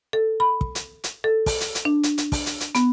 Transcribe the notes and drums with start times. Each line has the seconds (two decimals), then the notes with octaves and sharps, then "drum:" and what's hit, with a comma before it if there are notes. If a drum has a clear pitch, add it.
0.13 A4
0.40 B5
0.61 drum: kick
0.75 drum: hi-hat
1.04 drum: hi-hat
1.24 A4
1.46 drum: kick, open hi-hat
1.61 drum: hi-hat
1.75 drum: hi-hat
1.85 D4
2.03 drum: hi-hat
2.18 drum: hi-hat
2.32 drum: kick, open hi-hat
2.46 drum: hi-hat
2.60 drum: hi-hat
2.75 B3, drum: hi-hat